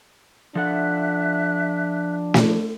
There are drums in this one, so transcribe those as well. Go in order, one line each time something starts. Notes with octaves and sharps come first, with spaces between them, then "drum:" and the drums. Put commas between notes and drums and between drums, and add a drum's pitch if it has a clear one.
F3 D4 A4 E5 F#5 F#6
drum: snare